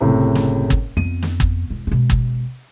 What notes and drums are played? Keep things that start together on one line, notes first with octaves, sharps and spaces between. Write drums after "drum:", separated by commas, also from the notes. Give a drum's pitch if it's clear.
F#1 A2 C3
drum: snare
drum: kick
F2 B3 D#7
drum: snare
drum: kick
E1
B2 G#3
drum: kick